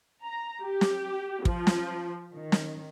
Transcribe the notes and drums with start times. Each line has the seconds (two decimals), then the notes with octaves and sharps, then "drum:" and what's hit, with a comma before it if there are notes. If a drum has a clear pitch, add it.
0.24 A#5
0.64 G4
0.81 drum: snare
1.45 F3, drum: kick
1.67 drum: snare
2.34 D#3
2.52 drum: snare